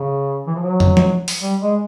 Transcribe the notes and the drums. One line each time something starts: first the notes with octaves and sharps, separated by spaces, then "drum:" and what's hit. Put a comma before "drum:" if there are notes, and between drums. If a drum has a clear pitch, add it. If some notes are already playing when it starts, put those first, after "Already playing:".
Already playing: C#3
E3
F3
F#3
drum: tom
drum: tom F3
drum: open hi-hat
G3
G#3